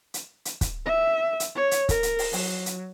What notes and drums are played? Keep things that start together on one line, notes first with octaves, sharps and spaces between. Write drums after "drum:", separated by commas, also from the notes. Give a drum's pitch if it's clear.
drum: hi-hat
drum: hi-hat
drum: kick, hi-hat
E5
drum: hi-hat
C#5
drum: hi-hat
A#4, drum: kick, hi-hat
drum: hi-hat
drum: open hi-hat
F#3, drum: open hi-hat
drum: hi-hat